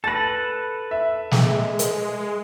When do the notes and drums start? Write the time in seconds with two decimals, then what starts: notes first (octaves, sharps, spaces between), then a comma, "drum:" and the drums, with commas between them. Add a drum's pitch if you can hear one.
0.04 A4 B4 A6 A#6
0.91 E5
1.31 G#3, drum: snare
1.79 drum: hi-hat